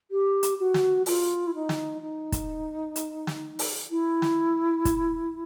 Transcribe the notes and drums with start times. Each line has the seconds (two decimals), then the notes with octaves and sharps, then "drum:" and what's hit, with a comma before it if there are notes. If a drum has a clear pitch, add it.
0.11 G4
0.43 drum: hi-hat
0.59 F#4
0.74 drum: snare
1.06 F4, drum: open hi-hat
1.46 E4
1.54 D#4
1.69 drum: snare
2.01 D#4
2.32 drum: kick, hi-hat
2.96 drum: hi-hat
3.27 drum: snare
3.59 drum: open hi-hat
3.90 E4
4.22 drum: snare
4.85 drum: kick, hi-hat